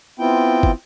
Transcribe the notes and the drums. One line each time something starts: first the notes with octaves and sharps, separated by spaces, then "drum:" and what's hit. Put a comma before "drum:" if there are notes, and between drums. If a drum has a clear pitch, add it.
B3 C4 E4 F4 G5
drum: kick